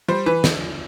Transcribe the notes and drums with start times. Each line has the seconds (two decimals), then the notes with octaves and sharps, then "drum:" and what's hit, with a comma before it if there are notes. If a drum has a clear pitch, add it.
0.08 G3 C5
0.26 E3 B4
0.44 drum: snare